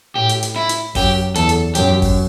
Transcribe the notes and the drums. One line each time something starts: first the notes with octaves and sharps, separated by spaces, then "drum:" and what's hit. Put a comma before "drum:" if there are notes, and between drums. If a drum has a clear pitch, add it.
A2 G4
drum: hi-hat
drum: hi-hat
E4
drum: hi-hat
F#2 G4, drum: kick G1, open hi-hat
E2 A4, drum: hi-hat
drum: hi-hat
F#2 G4, drum: hi-hat
drum: kick G1, open hi-hat